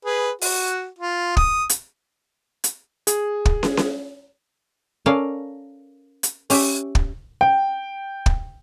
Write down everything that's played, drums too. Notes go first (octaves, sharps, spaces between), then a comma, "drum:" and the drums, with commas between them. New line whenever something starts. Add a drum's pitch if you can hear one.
G#4 B4
F#4, drum: open hi-hat
F4
D#6, drum: kick
drum: hi-hat
drum: hi-hat
G#4, drum: hi-hat
drum: kick
drum: snare
drum: snare
C#4 A4 A#4 D5 F5
drum: hi-hat
C#4 G4 E5, drum: open hi-hat
drum: kick
G5
drum: kick